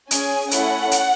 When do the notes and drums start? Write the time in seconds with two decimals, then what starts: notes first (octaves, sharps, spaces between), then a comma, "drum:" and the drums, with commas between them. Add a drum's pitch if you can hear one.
0.11 C#4 G#4 G#5, drum: hi-hat
0.51 A3 C#4 E4 A4 F#5, drum: hi-hat
0.91 drum: hi-hat